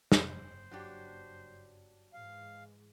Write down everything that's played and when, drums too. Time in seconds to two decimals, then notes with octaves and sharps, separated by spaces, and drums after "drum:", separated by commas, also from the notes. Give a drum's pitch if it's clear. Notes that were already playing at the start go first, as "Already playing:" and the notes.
0.12 F#1 G2 C5, drum: snare
0.71 F#3 D4 G4
2.14 G#2 E3 G#3 F5